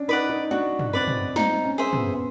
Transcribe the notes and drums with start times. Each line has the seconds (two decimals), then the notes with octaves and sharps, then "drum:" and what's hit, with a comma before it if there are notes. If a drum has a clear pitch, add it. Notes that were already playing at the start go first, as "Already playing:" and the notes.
Already playing: C#4 D4
0.08 D#4 B4 D5 F#5
0.29 D#4
0.51 D4 F#4
0.79 drum: tom
0.93 C4 B4 D5 F#5
1.08 drum: tom
1.36 C4 D#4, drum: snare
1.65 C#4
1.78 G#4 C5 E5
1.93 B3, drum: tom